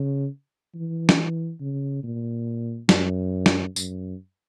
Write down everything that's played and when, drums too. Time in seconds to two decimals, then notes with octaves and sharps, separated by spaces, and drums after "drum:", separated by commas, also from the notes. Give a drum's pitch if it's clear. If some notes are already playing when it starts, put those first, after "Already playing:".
Already playing: C#3
0.75 E3
1.09 drum: snare
1.60 C#3
2.03 A#2
2.89 F#2, drum: snare
3.46 drum: snare
3.76 F#2, drum: tambourine